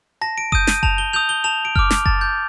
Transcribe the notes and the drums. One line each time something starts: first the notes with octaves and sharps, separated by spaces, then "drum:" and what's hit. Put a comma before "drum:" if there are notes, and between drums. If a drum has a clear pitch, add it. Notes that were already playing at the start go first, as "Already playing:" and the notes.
A5 A#6
D7
D#6 G6 D#7, drum: kick F#1
D#7, drum: snare
A5 F7, drum: kick F#1
G7
D#6 G6 F7
G7
A5 F7
D7
D6 F6, drum: kick F#1
drum: snare
A5 A6, drum: kick F#1
G6